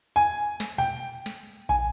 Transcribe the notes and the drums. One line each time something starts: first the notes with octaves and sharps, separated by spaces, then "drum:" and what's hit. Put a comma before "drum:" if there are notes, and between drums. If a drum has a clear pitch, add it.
G#5
drum: snare
G5, drum: tom A#2
drum: snare
G#5, drum: kick